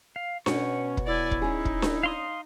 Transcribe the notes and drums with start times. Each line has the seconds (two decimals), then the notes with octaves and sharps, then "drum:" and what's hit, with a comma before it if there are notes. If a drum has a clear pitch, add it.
0.16 F5
0.46 B2 B3 C#4 C#5 F#5, drum: snare D4
0.97 drum: kick
1.07 E4 D5 G#5
1.31 drum: kick
1.42 C#4 D#4 G#4
1.65 drum: kick
1.82 drum: snare D4
2.03 F5 C6 D#6